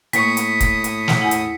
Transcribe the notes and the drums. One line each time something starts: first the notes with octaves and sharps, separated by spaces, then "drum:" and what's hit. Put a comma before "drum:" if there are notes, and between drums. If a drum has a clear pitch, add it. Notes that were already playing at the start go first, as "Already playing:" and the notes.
A2 A#3 C#6 D#6 B6 C#7, drum: hi-hat
drum: hi-hat
drum: kick, hi-hat
drum: hi-hat
drum: snare
E2 E4 F#5
drum: hi-hat